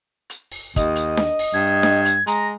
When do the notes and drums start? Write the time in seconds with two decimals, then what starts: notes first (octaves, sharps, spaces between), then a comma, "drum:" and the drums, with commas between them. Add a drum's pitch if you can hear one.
0.30 drum: hi-hat
0.52 drum: open hi-hat
0.76 D#2 D#5, drum: kick, hi-hat
0.95 drum: hi-hat
1.17 drum: snare D4
1.39 drum: open hi-hat
1.54 G2 G#6
1.83 drum: snare D4
2.05 drum: hi-hat
2.27 G#3 A#5, drum: hi-hat